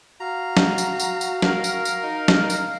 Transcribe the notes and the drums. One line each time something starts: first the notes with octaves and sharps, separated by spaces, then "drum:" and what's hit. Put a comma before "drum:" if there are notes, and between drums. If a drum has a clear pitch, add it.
F#4 F5 A#5
drum: snare
drum: tambourine
drum: tambourine
drum: tambourine
A#4 F6, drum: snare
drum: tambourine
drum: tambourine
D#4
drum: snare
drum: tambourine